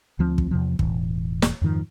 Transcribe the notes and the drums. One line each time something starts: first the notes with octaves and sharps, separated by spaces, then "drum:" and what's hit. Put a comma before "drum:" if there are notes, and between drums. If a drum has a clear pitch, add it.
D2 F3 C4
drum: kick
E2 C3 F3
E1 A2 E3, drum: kick
drum: snare
F2 G#2 D#3 F3